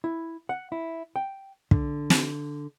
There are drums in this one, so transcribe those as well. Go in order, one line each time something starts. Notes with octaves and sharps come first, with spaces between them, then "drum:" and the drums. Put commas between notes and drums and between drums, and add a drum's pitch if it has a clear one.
E4
F#5
E4
G5
D3, drum: kick
drum: snare